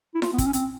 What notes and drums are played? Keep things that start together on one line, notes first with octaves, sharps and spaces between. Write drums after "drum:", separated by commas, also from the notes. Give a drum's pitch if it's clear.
E4
F4, drum: snare E4
B3
C4, drum: kick, hi-hat
C#4
C4, drum: hi-hat